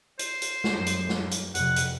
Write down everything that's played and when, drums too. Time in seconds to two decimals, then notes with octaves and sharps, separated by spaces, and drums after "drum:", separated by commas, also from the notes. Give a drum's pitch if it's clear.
0.19 C5, drum: hi-hat
0.42 drum: hi-hat
0.64 drum: snare
0.74 F#2
0.86 drum: hi-hat
1.09 drum: snare
1.31 drum: hi-hat
1.55 F2 C3 F#5, drum: hi-hat
1.76 drum: hi-hat